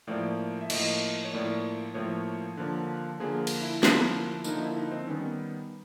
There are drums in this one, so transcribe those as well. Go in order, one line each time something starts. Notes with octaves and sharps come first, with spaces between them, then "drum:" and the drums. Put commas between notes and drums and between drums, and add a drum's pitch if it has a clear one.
A2 F3 A#3 D5
E5
A2 F3 A#3 D#5, drum: cymbal
C#5
A2 F3 A#3 D5
A2 F3 A#3 C#5
D3 F3 A#3
D3 F3 A#3 G#4
drum: cymbal
E4
D3 F3 A#3, drum: snare
D3 F3 A#3 D#4, drum: tambourine
E4
D#4
C4
D#3 G3 B3 C#4